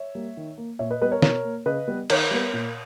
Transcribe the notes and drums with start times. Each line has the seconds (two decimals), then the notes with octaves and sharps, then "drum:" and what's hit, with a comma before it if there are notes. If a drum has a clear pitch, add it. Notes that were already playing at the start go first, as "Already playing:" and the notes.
Already playing: C#5 E5
0.15 G3 A#3
0.37 D#3
0.58 A#3
0.79 A#2 C#5 E5
0.91 B4 D#5
1.01 G3 B3 B4 D#5
1.12 A#4 C#5
1.22 B2 A#4 C#5, drum: snare
1.44 A#3
1.66 C#3 B4 D#5
1.88 G3 B3
2.10 D#3 A#4 C#5, drum: cymbal
2.31 G3 B3
2.53 A#2